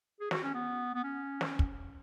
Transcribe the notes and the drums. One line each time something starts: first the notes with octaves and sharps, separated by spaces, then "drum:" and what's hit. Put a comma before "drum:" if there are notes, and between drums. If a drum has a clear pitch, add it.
G#4
F#4, drum: snare
C#4
B3
B3
C#4
drum: snare
drum: kick